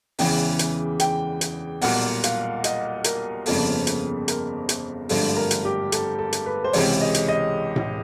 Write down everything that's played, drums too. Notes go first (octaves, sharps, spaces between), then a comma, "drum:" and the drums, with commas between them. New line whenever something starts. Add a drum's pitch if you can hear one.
E2 C#3 E3 G#3 G5, drum: open hi-hat
drum: hi-hat
G5, drum: hi-hat
drum: hi-hat
B1 A#2 G3 A#3 F#5, drum: open hi-hat
F5, drum: hi-hat
D#5, drum: hi-hat
A#4, drum: hi-hat
G1 F2 C#3 F3 A#3 A4, drum: open hi-hat
drum: hi-hat
A#4, drum: hi-hat
drum: hi-hat
G#1 G2 D3 F3 A3 A4, drum: open hi-hat
A#4
drum: hi-hat
G4
A4, drum: hi-hat
A4
drum: hi-hat
B4
C5
C#2 C3 E3 G#3 C#5, drum: open hi-hat
D#5
drum: hi-hat
D#5
drum: tom A2